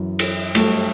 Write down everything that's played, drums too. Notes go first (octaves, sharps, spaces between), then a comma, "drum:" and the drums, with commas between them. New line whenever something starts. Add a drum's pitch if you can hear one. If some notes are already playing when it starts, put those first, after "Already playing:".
Already playing: F#2 E3
drum: cymbal
G2 F#3 A3, drum: cymbal